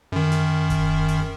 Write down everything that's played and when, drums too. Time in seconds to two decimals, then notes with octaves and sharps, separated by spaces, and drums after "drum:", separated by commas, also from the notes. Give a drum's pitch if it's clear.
0.12 F#2 D#3
0.32 drum: snare
0.70 drum: kick E1, hi-hat
1.08 drum: hi-hat